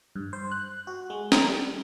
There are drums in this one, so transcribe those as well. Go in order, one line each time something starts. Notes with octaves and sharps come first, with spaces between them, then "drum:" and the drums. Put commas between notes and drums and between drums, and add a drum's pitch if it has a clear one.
G2
C5
F#6
F#4
G#3
A#4, drum: snare
G3